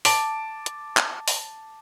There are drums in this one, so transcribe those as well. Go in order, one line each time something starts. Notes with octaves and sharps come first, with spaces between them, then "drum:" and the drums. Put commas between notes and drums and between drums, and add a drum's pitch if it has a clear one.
A5 D6 D7, drum: open hi-hat
drum: hi-hat
drum: clap
drum: open hi-hat